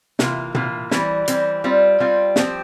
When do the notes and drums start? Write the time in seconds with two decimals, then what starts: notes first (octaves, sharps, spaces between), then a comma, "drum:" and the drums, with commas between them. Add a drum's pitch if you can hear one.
0.19 C3 E3 A#3 F4, drum: snare
0.55 C3 E3 A#3 F4, drum: tom
0.91 E3 G3 C4, drum: snare
1.28 E3 G3 C4, drum: hi-hat
1.64 G3 C4 F4
2.00 G3 C4 F4
2.36 F3 C4 G4, drum: snare